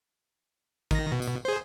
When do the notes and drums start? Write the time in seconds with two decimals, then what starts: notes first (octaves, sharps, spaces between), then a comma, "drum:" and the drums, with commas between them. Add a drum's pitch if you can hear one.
0.91 D#3 A#6, drum: kick, tambourine
1.12 B2
1.22 drum: tambourine
1.45 G#4 C5